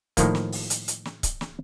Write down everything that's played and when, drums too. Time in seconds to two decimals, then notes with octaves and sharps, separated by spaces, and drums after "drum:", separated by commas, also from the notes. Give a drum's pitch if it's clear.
0.17 A2 D#3 F3 A#3, drum: kick C#1, hi-hat
0.35 drum: snare
0.52 drum: open hi-hat
0.70 drum: hi-hat
0.88 drum: hi-hat
1.05 drum: snare
1.23 drum: kick C#1, hi-hat
1.41 drum: snare